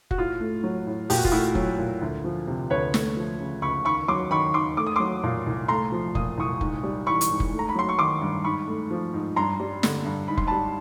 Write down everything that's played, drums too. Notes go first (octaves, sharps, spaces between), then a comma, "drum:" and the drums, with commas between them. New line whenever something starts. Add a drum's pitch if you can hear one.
F#4, drum: kick F1
A2 F4
A3
F#3
A2
A#2 G4, drum: open hi-hat
F#4
F4, drum: kick F1
A3 E4 F#4
F#3, drum: kick F1
A#2
D2
F3
C3
D2 B4 C#5
A3, drum: snare
F3
C#3
C#2 B5 C#6
D#2 B5 C#6
F#3 C6 D6
D#3 B5 C#6
D#2 C6 D6
A3 D6
D#6
F#3 C6 D6
A#2
C2
A3 A#5 C6
F3
A#2 D#6, drum: kick F1
C2 C#6 D#6
G#2, drum: kick F1
G3
E3 B5 C#6
drum: hi-hat
G#2
drum: kick F1
A3
A#5
B5
F#3 C6
C#6
D#3 C6 D6
G2
G#2 B5 C#6
A3
F3
G#2
G2 A#5 C6
G3
D3, drum: snare
G2
G#2 B5
C6, drum: kick F1
G3 A5 B5